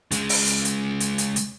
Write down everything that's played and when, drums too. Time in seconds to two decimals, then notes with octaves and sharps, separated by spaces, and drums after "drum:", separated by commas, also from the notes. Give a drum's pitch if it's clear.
0.11 C#3 G#3, drum: hi-hat
0.29 drum: open hi-hat
0.47 drum: hi-hat
0.65 drum: hi-hat
1.00 drum: hi-hat
1.18 drum: hi-hat
1.36 drum: hi-hat